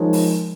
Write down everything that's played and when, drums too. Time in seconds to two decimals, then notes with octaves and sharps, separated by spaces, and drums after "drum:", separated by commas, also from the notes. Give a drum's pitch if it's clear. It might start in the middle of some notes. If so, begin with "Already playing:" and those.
Already playing: F3 G#3 D#4 A#4 C#5
0.13 drum: open hi-hat